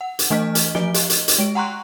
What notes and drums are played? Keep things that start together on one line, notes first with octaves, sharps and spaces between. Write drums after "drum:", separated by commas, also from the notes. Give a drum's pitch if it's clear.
F#5
drum: hi-hat
E3 A3 D4 D#5 F6 B6
drum: hi-hat
F3 A3 D7 G7, drum: snare
G4 D#5, drum: hi-hat
drum: hi-hat
drum: hi-hat
G#3 D7
F#5 G5 A#5 C6 C#6 F#6